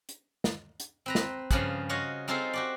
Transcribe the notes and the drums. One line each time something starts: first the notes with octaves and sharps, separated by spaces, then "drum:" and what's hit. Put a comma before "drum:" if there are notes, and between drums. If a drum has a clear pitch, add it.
drum: hi-hat
drum: snare
drum: hi-hat
C4 B4 A#5
drum: snare
G2 C#3 F3 G#4 F#5, drum: kick, hi-hat
F4 F#4 C#5 D#5
C4 D#4 F4 G#4 A4 C5
F#4 G4 D5